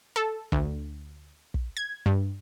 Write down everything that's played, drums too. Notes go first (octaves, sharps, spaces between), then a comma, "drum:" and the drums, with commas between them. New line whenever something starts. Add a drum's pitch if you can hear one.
A4
D2, drum: kick
drum: kick
G#6
G2